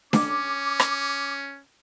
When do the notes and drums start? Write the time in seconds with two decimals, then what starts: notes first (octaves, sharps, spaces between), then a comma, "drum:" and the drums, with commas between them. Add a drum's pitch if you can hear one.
0.13 C#4 D6, drum: snare D4
0.80 drum: rim click